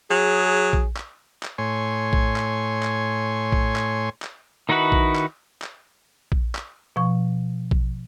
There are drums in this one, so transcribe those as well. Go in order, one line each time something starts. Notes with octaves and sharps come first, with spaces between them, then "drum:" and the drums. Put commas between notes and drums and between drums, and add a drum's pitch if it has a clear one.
F#3 G#4
drum: kick A#1
drum: clap
drum: clap
A2 C#5 G#5 C6
drum: kick A#1
drum: clap
drum: clap
drum: kick A#1
drum: clap
drum: clap
D#3 D#4 E4 F#4 B4
drum: kick A#1
drum: clap
drum: clap
drum: kick A#1
drum: clap
B2 F3 C#6
drum: kick A#1